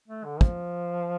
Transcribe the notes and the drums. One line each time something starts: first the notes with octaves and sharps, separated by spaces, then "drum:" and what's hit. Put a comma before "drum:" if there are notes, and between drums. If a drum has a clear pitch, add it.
A3
D3
F3, drum: kick